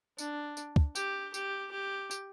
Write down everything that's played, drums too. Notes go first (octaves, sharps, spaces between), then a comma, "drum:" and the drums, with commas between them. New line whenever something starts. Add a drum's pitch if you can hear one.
D4, drum: tambourine
drum: tambourine
drum: kick
G4, drum: tambourine
G4, drum: tambourine
G4
drum: tambourine